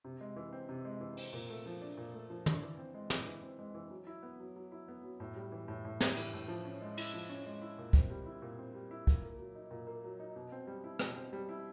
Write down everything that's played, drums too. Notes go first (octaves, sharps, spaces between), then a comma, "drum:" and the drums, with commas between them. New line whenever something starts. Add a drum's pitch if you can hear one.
C3
G#3
E3
C4
C3
G#3
E3
C4, drum: open hi-hat
A#2
A3
F3
D4
A#2
A3
F3
D4, drum: tom
E3
C4
G#3
E3, drum: snare
E3
C4
G#3
E3
F#3
E4
B3
F#3
F#3
E4
B3
F#3
A2
G3
E3
A2
A2
G3, drum: snare
E3, drum: cymbal
A2
F3
C#4
G#3
E4, drum: cymbal
F3
C#4
G#3
E4
A#2
C4, drum: kick
G3
E4
A#2
C4
G3
E4
A#2, drum: kick
A#3
F#3
D#4
A#2
A#3
F#3
D#4
B2
C4
G3
E4
B2, drum: rim click
C4
G3
E4